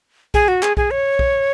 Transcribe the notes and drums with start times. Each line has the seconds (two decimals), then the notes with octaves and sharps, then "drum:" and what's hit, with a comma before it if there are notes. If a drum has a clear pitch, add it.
0.34 G#4, drum: kick B1
0.48 F#4
0.63 G#4, drum: clap
0.77 G#4, drum: kick B1
0.91 C#5
1.19 drum: kick B1